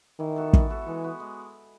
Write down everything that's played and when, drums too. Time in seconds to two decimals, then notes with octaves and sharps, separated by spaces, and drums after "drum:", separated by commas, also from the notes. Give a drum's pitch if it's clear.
0.19 D#3 E3
0.36 B3 F#4 A4
0.53 E3, drum: kick
0.70 B3 F#4 A4
0.87 E3 G#3
1.04 B3 F#4
1.20 G#3